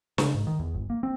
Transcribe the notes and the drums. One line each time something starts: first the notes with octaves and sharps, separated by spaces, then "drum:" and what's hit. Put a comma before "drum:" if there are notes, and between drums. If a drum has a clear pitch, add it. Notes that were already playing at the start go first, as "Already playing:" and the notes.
C#3, drum: snare
G#2
D#3
E2
G1
A#3
C4